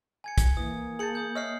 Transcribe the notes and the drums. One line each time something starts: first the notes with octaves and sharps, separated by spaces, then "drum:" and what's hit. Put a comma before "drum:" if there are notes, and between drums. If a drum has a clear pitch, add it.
G#5 G#6 C#7
drum: kick, hi-hat
E3 A#3 D#6
G#4 G#5 A5 G6 C#7 F#7
D#6 G6
C#5 D#5 E5 D#6 F6 C7